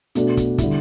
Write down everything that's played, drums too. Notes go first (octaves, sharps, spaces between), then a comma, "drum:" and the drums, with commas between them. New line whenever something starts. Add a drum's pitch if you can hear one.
B2 A3 D4, drum: hi-hat
drum: kick, hi-hat
D3 G3 E4, drum: kick, hi-hat